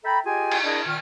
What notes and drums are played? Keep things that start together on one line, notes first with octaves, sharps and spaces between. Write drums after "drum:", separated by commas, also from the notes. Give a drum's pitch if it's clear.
A4 E5 G5 A#5 B5
F4 G4 G#4 D#5 G5 G#5
drum: cymbal
D4 E4 G#4 A#4 D5 D#5
A#2 D#3 F6